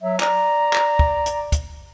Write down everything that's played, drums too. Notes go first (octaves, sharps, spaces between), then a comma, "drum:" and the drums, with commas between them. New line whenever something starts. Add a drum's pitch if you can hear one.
F#3 E5
D5 A#5, drum: clap
drum: clap
drum: kick
drum: hi-hat
drum: kick, hi-hat